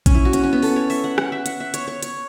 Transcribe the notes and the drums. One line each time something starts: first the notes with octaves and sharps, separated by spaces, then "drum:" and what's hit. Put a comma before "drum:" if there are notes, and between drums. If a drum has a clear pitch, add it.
C#4, drum: kick A#1, hi-hat
E4
F#4
C#4, drum: hi-hat
C#4
B3
A4, drum: open hi-hat
C#5
E5, drum: open hi-hat
F#5
F#5, drum: rim click
E5
F#5, drum: hi-hat
E5
C#5, drum: hi-hat
C#5
C#5, drum: hi-hat